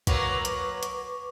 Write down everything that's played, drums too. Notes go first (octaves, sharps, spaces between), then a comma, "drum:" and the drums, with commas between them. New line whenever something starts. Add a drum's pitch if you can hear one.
F#3 A#3 B3 B4 C#6 D6, drum: kick A#1, hi-hat
drum: hi-hat
drum: hi-hat